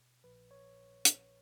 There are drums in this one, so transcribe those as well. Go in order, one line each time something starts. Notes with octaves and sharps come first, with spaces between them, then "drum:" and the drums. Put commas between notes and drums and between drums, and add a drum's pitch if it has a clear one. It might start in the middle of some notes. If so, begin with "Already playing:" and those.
Already playing: B2
A#1 A#2 F3 B4
C#5
drum: hi-hat